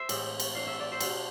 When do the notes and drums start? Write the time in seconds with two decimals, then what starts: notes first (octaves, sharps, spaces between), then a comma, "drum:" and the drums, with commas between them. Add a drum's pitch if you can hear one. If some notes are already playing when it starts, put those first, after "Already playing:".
Already playing: C5 E5
0.09 A2 E3 G#3 C4, drum: cymbal
0.40 drum: cymbal
0.55 E3 A3 D4 F5
0.67 E5
0.80 D5
0.92 C5 E5
1.00 B2 A3 D4, drum: cymbal